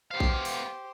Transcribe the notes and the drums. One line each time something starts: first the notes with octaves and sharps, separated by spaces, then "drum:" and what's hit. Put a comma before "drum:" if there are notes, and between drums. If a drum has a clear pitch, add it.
B3 G4 C5 F5
drum: kick A1
drum: open hi-hat